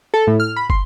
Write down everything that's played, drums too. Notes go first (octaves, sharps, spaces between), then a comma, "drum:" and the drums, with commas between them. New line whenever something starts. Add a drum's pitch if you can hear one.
A4
A2
F6
B5
C6, drum: kick